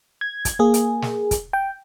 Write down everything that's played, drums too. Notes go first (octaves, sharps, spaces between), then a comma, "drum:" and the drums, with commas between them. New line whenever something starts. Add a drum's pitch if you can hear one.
G#6
drum: kick, hi-hat
A#3 G#4
drum: hi-hat
drum: snare
drum: kick, hi-hat
G5